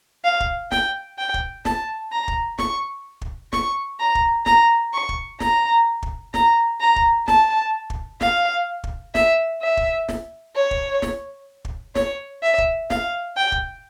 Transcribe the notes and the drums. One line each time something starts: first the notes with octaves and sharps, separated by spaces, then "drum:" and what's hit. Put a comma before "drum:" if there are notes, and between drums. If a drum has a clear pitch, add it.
F5
drum: kick
G5, drum: snare
G5
drum: kick
A5, drum: snare
A#5
drum: kick
C#6, drum: snare
drum: kick
C#6, drum: snare
A#5
drum: kick
A#5, drum: snare
C#6
drum: kick
A#5, drum: snare
drum: kick
A#5, drum: snare
A#5
drum: kick
A5, drum: snare
drum: kick
F5, drum: snare
drum: kick
E5, drum: snare
E5
drum: kick
drum: snare
C#5
drum: kick
drum: snare
drum: kick
C#5, drum: snare
E5
drum: kick
F5, drum: snare
G5
drum: kick